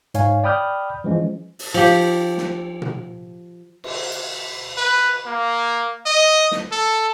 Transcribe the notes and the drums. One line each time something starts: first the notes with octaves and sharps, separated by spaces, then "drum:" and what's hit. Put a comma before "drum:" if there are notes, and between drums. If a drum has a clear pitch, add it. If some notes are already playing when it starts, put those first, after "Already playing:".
G#2 C#5 F5 G#5, drum: hi-hat
D5 G5 B5 D#6 F6 G6
E3 F3 G#3 C#4
drum: open hi-hat
F3 G4, drum: cymbal
drum: snare
drum: tom A#2
drum: cymbal
drum: hi-hat
B4
A#3
D#5
drum: snare
A4